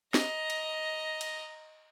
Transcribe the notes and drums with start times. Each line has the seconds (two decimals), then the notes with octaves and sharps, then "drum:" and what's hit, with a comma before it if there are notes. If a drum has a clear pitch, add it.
0.14 D#5 A#5, drum: snare
0.50 drum: cymbal
1.21 drum: cymbal